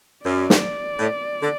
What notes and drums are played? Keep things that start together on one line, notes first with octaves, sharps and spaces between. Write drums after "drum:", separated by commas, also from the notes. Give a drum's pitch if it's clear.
F#2 D5
drum: snare
A2
D3